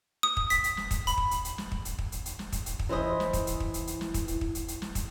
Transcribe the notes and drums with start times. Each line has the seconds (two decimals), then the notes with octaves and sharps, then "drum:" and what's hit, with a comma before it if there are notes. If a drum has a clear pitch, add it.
0.23 D#6
0.37 drum: kick
0.50 B6, drum: hi-hat
0.64 drum: hi-hat
0.77 drum: snare
0.91 drum: kick, hi-hat
1.07 B5, drum: hi-hat
1.18 drum: kick
1.31 drum: hi-hat
1.45 drum: hi-hat
1.58 drum: snare
1.72 drum: kick
1.85 drum: hi-hat
1.99 drum: kick
2.12 drum: hi-hat
2.26 drum: hi-hat
2.39 drum: snare
2.52 drum: kick, hi-hat
2.66 drum: hi-hat
2.79 drum: kick
2.89 E3 E4 C5 D#5
3.20 drum: snare
3.33 drum: kick, hi-hat
3.47 drum: hi-hat
3.60 drum: kick
3.74 drum: hi-hat
3.87 drum: hi-hat
4.01 drum: snare
4.14 drum: kick, hi-hat
4.28 drum: hi-hat
4.41 drum: kick
4.55 drum: hi-hat
4.68 drum: hi-hat
4.82 drum: snare
4.95 drum: kick, hi-hat